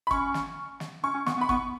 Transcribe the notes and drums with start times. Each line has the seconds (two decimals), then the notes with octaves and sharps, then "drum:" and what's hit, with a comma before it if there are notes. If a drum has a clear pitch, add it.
0.07 B5
0.11 C#4 C#6, drum: kick
0.34 drum: snare
0.80 drum: snare
1.04 C#4 C#6
1.14 C#4
1.26 B3 C#6, drum: snare
1.38 B3
1.41 B5
1.49 B3 C#6, drum: kick